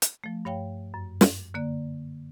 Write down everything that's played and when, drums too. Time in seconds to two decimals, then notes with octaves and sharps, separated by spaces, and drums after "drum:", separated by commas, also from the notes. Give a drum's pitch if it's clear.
0.02 drum: hi-hat
0.24 F3 A3
0.45 G2 C#5 F5 G5
0.94 F#2
1.21 drum: snare
1.54 D3 A#3 D5